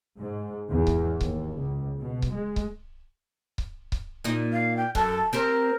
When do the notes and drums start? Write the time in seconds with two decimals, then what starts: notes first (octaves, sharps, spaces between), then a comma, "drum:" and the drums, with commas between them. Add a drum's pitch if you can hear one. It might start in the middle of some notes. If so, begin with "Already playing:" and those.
0.18 G#2
0.71 E2
0.87 drum: kick C#1
1.21 D#2, drum: kick C#1
1.60 C#2
2.00 B2
2.22 drum: kick C#1
2.33 G#3
2.56 drum: kick C#1
3.58 drum: kick C#1
3.92 drum: kick C#1
4.24 A#2 D#4
4.52 F5
4.77 G5
4.95 F#2 A4, drum: kick C#1
5.33 C4 G4 A#4 C5